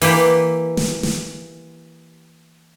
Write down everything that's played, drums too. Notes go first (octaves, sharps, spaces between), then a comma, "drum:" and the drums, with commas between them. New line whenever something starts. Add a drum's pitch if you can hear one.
E3 A#3 G4, drum: open hi-hat
drum: snare
drum: snare